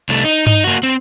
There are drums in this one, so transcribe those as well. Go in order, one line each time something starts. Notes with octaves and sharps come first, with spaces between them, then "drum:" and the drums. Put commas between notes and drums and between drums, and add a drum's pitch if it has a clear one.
C2 A3
D#4
D#4, drum: tom G2
A#3 F#4
C4